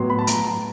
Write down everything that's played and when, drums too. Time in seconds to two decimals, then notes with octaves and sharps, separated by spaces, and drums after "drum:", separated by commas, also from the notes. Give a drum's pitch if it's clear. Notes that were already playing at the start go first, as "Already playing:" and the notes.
Already playing: A2 F#3 B3 C6
0.10 B5
0.19 A5
0.27 A#5, drum: hi-hat
0.44 A5